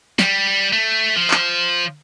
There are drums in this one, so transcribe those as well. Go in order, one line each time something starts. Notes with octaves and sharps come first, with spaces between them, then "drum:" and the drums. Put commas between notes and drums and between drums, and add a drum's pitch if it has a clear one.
G3, drum: snare
A3
F3
drum: clap